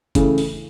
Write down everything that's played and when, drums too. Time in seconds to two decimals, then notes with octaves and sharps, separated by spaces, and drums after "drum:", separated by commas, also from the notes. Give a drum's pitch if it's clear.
0.15 C#3 E3 A3, drum: kick F#1, hi-hat
0.38 drum: open hi-hat